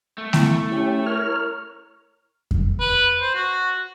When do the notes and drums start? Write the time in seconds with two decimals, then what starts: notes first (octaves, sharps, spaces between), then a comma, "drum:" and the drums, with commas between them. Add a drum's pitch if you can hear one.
0.18 A3
0.33 E4, drum: snare A3
0.72 C#4 E4 G4
1.06 A#4 C#5 F6
2.51 drum: kick F2
2.80 B4
3.21 C5
3.35 F#4